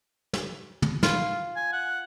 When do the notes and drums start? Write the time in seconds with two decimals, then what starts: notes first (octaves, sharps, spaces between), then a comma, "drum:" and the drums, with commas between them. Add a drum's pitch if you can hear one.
0.33 drum: snare
0.82 drum: tom
1.03 F4, drum: snare
1.56 G#5
1.72 F#5